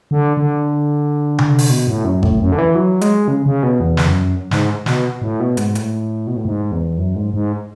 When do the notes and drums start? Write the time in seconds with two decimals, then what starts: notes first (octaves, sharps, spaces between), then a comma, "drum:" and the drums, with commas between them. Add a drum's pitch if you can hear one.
0.11 D3
0.37 D3
1.39 drum: tom C3
1.58 drum: open hi-hat
1.70 B2
1.88 A2
2.04 F#2
2.23 A2, drum: kick G#1
2.40 F#2
2.52 D3
2.58 E3
2.75 F#3
3.01 G#3, drum: hi-hat
3.28 C#3
3.46 C#3
3.63 B2
3.80 E2
3.97 drum: snare
4.07 F#2
4.51 G#2, drum: snare
4.86 B2, drum: snare
5.22 A2
5.40 B2
5.57 G#2, drum: hi-hat
5.75 A2, drum: hi-hat
6.27 B2
6.36 A2
6.45 G#2
6.72 E2
6.98 F#2
7.16 G#2
7.34 G#2